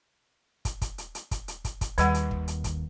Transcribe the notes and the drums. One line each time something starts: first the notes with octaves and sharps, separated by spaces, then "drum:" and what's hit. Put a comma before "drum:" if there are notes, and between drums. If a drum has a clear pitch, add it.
drum: kick, hi-hat
drum: kick, hi-hat
drum: hi-hat
drum: hi-hat
drum: kick, hi-hat
drum: hi-hat
drum: kick, hi-hat
drum: kick, hi-hat
D#2 D#3 G3 F#5, drum: hi-hat
drum: hi-hat
drum: kick
drum: hi-hat
drum: kick, hi-hat